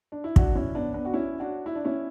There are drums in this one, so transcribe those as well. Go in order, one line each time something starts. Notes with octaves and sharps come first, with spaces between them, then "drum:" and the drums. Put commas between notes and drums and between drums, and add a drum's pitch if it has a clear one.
D4
E4
D4 F#4, drum: kick
C#4 E4
B3 D4
B3 D4
F#4
C#4 E4
D4 F#4
E4
D4
C#4 E4